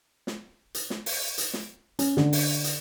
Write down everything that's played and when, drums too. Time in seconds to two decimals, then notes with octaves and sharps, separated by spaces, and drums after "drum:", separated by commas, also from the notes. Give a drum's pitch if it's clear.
0.27 drum: snare
0.74 drum: hi-hat
0.90 drum: snare
1.06 drum: open hi-hat
1.38 drum: hi-hat
1.54 drum: snare
1.99 C#4, drum: hi-hat
2.17 D3, drum: snare
2.33 drum: open hi-hat
2.64 drum: hi-hat